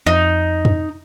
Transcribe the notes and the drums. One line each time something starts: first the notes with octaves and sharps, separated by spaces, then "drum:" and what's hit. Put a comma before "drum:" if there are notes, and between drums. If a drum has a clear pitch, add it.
F2 D#4
drum: tom F2